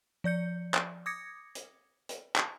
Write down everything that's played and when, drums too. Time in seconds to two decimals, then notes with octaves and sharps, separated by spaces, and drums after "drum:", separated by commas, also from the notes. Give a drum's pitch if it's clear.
0.24 F3 D5 G6 C#7
0.74 drum: clap
1.06 D6 D#6 G#6 A#6 C#7
1.55 drum: hi-hat
2.09 drum: hi-hat
2.36 A5, drum: clap